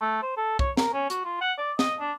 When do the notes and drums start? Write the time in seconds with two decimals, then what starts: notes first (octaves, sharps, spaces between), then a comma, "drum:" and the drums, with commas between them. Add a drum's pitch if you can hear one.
0.01 A3
0.22 C5
0.37 A4
0.59 C#5, drum: kick
0.77 A#4, drum: snare
0.93 C#4
1.10 F#4, drum: hi-hat
1.25 F4
1.41 F#5
1.58 D5
1.79 D#5, drum: snare
2.00 D4